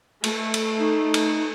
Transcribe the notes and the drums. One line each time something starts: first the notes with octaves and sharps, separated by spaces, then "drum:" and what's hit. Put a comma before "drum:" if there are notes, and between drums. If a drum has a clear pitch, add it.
A3, drum: cymbal
drum: cymbal
D#4
drum: cymbal